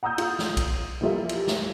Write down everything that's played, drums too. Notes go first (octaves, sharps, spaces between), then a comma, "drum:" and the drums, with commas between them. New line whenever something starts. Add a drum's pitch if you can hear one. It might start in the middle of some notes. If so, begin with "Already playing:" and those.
F#5 A#5 D#6 E6 G6
F4, drum: cymbal
drum: snare
drum: kick A#1, cymbal
E3 F3 G3 F4 A#4 E5
drum: cymbal
drum: snare